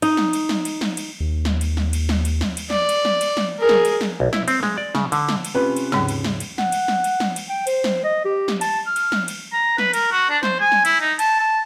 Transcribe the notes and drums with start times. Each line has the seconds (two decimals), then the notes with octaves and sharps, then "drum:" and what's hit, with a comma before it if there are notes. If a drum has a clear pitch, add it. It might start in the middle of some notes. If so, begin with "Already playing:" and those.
0.02 D#4, drum: cymbal
0.17 drum: snare
0.33 drum: cymbal
0.49 drum: snare
0.65 drum: cymbal
0.81 drum: snare
0.97 drum: cymbal
1.20 D#2
1.45 drum: snare
1.61 drum: cymbal
1.77 drum: snare
1.93 drum: cymbal
2.09 drum: snare
2.25 drum: cymbal
2.41 drum: snare
2.57 drum: cymbal
2.70 D5, drum: snare
2.89 drum: cymbal
3.05 drum: snare
3.21 drum: cymbal
3.37 drum: snare
3.59 G#4 A#4
3.69 drum: snare
3.85 drum: cymbal
4.01 drum: snare
4.20 B1
4.33 E4, drum: snare
4.48 C4, drum: cymbal
4.63 G#3, drum: snare
4.78 D5
4.95 C#3, drum: snare
5.12 D3, drum: cymbal
5.29 drum: snare
5.45 drum: cymbal
5.55 C3 C#4 F4 B4
5.77 drum: cymbal
5.92 D#2 G#2 C#3, drum: snare
6.08 drum: cymbal
6.24 drum: snare
6.40 drum: cymbal
6.58 F#5, drum: snare
6.72 drum: cymbal
6.88 drum: snare
7.04 drum: cymbal
7.20 drum: snare
7.36 drum: cymbal
7.49 G5
7.67 C5, drum: cymbal
7.84 drum: snare
8.04 D#5
8.25 G4
8.48 drum: snare
8.61 A5, drum: cymbal
8.87 F6
8.96 drum: cymbal
9.12 drum: snare
9.28 drum: cymbal
9.53 A#5
9.78 B4, drum: snare
9.93 A#4, drum: cymbal
10.12 F#4
10.30 D4
10.43 C5, drum: snare
10.60 G#5
10.72 drum: snare
10.85 E4, drum: cymbal
11.01 D#4
11.19 A5, drum: cymbal
11.40 A5